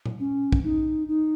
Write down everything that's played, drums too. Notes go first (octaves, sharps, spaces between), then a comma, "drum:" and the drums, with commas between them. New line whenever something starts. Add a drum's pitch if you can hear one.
drum: tom A#2
C#4
drum: kick
D#4
D#4